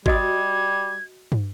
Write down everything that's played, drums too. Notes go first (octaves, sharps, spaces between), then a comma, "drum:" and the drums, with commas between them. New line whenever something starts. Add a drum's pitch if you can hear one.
G3 F#4 D#5 D#6 G#6, drum: kick G#1
drum: tom